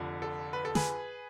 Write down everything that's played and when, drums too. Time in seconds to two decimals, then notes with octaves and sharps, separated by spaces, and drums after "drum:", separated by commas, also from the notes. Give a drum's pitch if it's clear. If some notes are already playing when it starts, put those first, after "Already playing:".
Already playing: F1 F2 D3
0.22 A4
0.53 B4
0.65 A4
0.75 G#4 B4, drum: snare